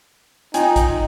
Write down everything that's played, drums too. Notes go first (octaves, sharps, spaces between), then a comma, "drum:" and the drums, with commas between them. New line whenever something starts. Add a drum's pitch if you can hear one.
D#4 F4 G5 G#5, drum: hi-hat
drum: kick G#1, hi-hat